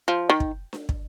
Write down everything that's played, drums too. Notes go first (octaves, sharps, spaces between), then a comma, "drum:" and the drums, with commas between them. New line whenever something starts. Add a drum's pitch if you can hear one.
F3
D#3
drum: kick
drum: snare D4
drum: kick